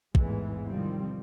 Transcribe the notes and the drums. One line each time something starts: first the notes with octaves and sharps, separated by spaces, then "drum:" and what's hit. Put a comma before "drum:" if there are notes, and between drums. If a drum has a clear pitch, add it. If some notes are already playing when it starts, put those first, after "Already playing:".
A1 E2 G#2 E3 G#3, drum: kick
C3 D#3 F3 G3 C4